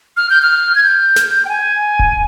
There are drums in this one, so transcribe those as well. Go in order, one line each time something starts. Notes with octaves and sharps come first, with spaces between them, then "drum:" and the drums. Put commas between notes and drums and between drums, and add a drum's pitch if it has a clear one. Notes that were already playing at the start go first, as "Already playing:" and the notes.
F6
G6
F6
G#6
G6
drum: snare
G5
G#5
drum: kick D1